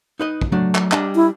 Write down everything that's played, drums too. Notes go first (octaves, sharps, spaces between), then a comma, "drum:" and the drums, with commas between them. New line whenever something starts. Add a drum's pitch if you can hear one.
D#4 B4 D#5
drum: kick
F#3 A3 D4
drum: clap
G3 D4 D#5, drum: clap
E4